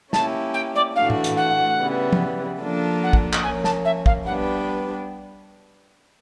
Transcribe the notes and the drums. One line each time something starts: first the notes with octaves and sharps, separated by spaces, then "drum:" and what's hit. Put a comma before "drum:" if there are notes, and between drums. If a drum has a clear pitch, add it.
A#3 C#4 E4 G4 A5, drum: snare
G5
D5
A2 E3 A3 D4 F#4 F5
drum: tom A2
drum: hi-hat
F#5
C#3 E3 G3 B3
drum: tom
F3 A#3 D4 F4 A4
F#5
drum: kick
drum: clap
F3 A#3 C#4 G#5
A5, drum: snare
E5
F5, drum: kick
G3 B3 D4 G4 B4 F#5